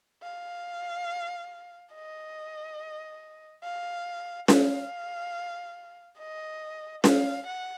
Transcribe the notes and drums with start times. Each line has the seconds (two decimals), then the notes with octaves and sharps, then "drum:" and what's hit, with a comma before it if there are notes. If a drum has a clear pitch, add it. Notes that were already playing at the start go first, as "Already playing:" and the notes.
0.23 F5
1.93 D#5
3.64 F5
4.48 F5, drum: snare C#4
6.19 D#5
7.04 F5, drum: snare C#4
7.47 F#5